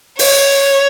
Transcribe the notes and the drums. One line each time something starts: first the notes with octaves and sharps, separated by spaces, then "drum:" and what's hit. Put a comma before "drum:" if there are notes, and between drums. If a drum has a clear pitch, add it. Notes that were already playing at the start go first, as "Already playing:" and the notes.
C#5, drum: open hi-hat